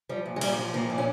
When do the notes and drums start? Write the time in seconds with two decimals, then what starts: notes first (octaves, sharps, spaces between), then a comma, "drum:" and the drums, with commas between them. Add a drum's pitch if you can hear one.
0.09 F3 G3
0.26 A#2
0.36 G#3
0.41 A#2 G3, drum: cymbal
0.57 F3
0.74 F3 A#3
0.90 A#2
0.98 C#4